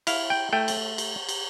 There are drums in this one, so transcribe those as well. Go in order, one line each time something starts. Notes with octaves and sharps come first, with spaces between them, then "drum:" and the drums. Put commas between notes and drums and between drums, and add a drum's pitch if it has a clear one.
E4 F5, drum: cymbal
G5
A3 G5
drum: cymbal
drum: cymbal
drum: cymbal